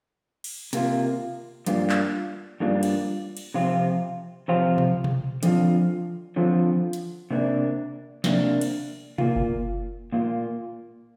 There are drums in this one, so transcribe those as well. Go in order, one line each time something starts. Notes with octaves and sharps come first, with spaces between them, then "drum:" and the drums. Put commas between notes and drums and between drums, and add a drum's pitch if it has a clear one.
drum: cymbal
C3 A#3 F4, drum: hi-hat
G2 G3 A#3 D4 F4, drum: hi-hat
drum: clap
G2 G3 A#3 D4 F4
drum: cymbal
drum: cymbal
C3 F3 C4 F4
C3 F3 C4 F4
drum: tom B2
drum: tom B2
D3 F3 C4 F4, drum: hi-hat
D3 F3 C4 F4
drum: hi-hat
C3 A#3 D4
C3 A#3 D4, drum: snare
drum: cymbal
A#2 A#3 F4, drum: tom B2
drum: kick F#1
A#2 A#3 F4